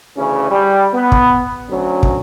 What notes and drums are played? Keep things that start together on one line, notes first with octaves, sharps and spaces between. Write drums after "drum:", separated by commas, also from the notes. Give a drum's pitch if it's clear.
D2 C#3 E3 C#4
G3
B3
drum: kick
D2 F#3 C#4
drum: kick